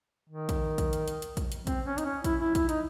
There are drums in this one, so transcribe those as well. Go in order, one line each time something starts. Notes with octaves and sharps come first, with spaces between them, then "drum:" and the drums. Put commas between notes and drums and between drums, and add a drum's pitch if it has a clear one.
D#3
drum: kick, hi-hat
drum: kick, hi-hat
drum: hi-hat
drum: hi-hat
drum: hi-hat
drum: kick, hi-hat
drum: hi-hat
C4, drum: kick, hi-hat
C#4
D#4, drum: hi-hat
C#4
E4, drum: kick, hi-hat
E4
E4, drum: kick, hi-hat
D#4, drum: hi-hat